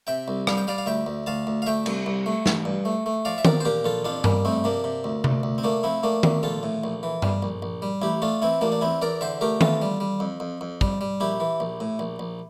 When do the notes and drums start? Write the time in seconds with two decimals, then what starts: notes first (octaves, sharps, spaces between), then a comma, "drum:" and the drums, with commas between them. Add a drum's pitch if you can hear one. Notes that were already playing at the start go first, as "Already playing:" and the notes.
0.07 C3 E5 G5
0.28 C2
0.47 G3 F5, drum: rim click
0.57 G5
0.67 G3 D5 F5
0.78 F5
0.86 D2 E5 G5
1.06 D2
1.26 D2 F5 A5
1.47 D2
1.62 F5
1.66 A3 E5 G5
1.86 C2, drum: cymbal
2.06 C2
2.26 A3
2.46 A1, drum: snare
2.65 G2
2.85 A3
3.06 A3
3.25 F3 D5 F5
3.38 E5
3.45 F3 A#4 D5, drum: tom D#3
3.60 C5
3.65 A#2 G4 A#4
3.85 A#1 F4 A4
4.05 F2 D4 F4
4.24 G3 A#3, drum: tom G2
4.45 F2 A3 C4
4.64 C3 A#3 D4
4.84 C3
5.04 D2
5.24 D2, drum: tom C3
5.43 D2
5.58 C4
5.63 A3 A#3 D4
5.83 F3 C4 E4
6.03 A3 A#3 D4
6.23 D2 A#3, drum: tom D#3
6.43 A#1 F4 A4
6.63 A2
6.84 A#1
7.03 E3
7.22 G3, drum: tom G2
7.43 A#1
7.62 A#1
7.82 G3
8.02 A1 E4 G4
8.22 A3 D4 F4
8.42 E3 C4 E4
8.61 A1 A#3 D4
8.72 D4
8.81 E2 C4 E4
9.02 E2 A#4 D5
9.21 D3 C5 E5
9.41 A3 G4 A#4
9.61 E3 F4 A4, drum: tom D#3
9.82 G3
10.00 G3
10.20 F2
10.40 F2
10.61 F2
10.81 G3, drum: kick
11.01 G3
11.20 A#1 E4 G4
11.40 E3
11.60 A#1
11.80 A2
11.99 A#1
12.19 A#1